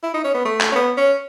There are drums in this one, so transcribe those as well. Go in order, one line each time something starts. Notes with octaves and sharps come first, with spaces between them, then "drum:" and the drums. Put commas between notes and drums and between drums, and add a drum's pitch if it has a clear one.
E4
D#4
C#4
B3
A3
drum: clap
C#4
B3
C#4